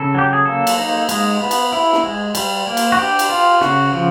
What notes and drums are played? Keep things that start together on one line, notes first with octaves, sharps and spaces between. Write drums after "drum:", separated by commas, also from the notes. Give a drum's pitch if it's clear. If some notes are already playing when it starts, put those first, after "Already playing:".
Already playing: C#3 A4
F#3 G4
G#4
A#3 A4
drum: cymbal
D#4
G#3, drum: cymbal
B3
drum: cymbal
E4
drum: snare
G#3
G3, drum: cymbal
A#3
drum: cymbal
F#4
D4 G4
drum: cymbal
F4
C#3 F#4, drum: snare
F3